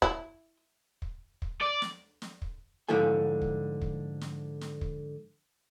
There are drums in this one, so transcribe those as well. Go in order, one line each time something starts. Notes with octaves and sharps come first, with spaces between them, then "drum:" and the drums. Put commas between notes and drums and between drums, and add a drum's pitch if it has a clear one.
E4, drum: kick
drum: kick
drum: kick
D5
drum: snare
drum: snare
drum: kick
G#2 D3 F3 E4 A4 G#5
drum: kick
drum: kick
drum: snare
drum: snare
drum: kick